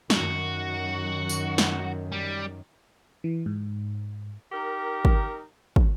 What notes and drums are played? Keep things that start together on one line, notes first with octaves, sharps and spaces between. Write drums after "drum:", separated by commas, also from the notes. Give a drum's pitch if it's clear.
F#2 D#3 F#4, drum: snare
drum: tambourine
drum: snare
G3
E3
G#2
D#4 G4 A#4
drum: kick
drum: kick